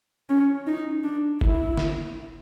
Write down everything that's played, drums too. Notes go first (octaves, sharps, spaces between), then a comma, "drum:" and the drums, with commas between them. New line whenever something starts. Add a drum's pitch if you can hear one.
C#4
D#4
D4
E4, drum: kick F1
drum: snare